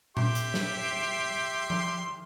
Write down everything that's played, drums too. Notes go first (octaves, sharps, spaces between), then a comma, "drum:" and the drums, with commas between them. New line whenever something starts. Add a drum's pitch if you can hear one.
G4 E5 C6, drum: tom A#2
drum: hi-hat
drum: snare
drum: tom F3